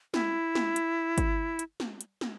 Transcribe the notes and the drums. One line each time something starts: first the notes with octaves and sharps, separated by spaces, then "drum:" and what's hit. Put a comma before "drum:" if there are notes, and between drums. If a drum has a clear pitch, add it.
E4, drum: snare
drum: snare
drum: hi-hat
drum: kick G#1, hi-hat
drum: hi-hat
drum: snare
drum: hi-hat
drum: snare